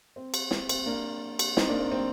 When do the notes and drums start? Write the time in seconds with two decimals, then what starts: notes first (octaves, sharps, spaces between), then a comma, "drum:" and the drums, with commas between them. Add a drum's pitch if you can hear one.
0.16 C4
0.34 drum: cymbal
0.51 C4, drum: snare
0.69 C4, drum: cymbal
0.86 A#3 D4
1.39 drum: cymbal
1.57 C4 D#4, drum: snare
1.68 A#3 D4
1.80 C4
1.92 C4